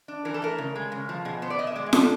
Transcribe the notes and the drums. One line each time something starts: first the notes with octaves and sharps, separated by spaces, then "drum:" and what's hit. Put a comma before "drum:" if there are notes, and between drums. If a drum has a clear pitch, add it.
D4
E3 A#4
A4
A3 A#4
C#3
G#3
C#3
F3
B2 G#4
B3 C5
D5
B2 D#5
E5
G#3 D5
G#4
D4 A4, drum: snare F4